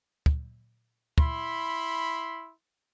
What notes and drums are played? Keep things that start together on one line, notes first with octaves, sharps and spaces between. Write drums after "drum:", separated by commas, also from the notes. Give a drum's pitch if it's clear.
drum: kick
E4 B5 C6, drum: kick